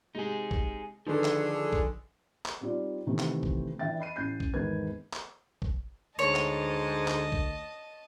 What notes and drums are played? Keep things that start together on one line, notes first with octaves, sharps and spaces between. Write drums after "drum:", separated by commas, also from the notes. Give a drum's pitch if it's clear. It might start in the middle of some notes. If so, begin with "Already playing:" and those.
C3 G#3 D#4 G#4
drum: kick
D3 D#3 F3 G#4 B4
drum: clap
drum: kick
drum: clap
G3 C4 D#4 F4 D5
C3 D#3 E3 A3 C4
drum: clap
drum: kick
E3 D4 E5 G5 A6
D#5 B5 C7 D#7
A1 A2 C#4 G6 C7
drum: kick
G#1 E2 D#3 A#4 B4 G#6
drum: clap
drum: kick
D2 G#2 C#5 D#5 A5
drum: clap
drum: clap
drum: kick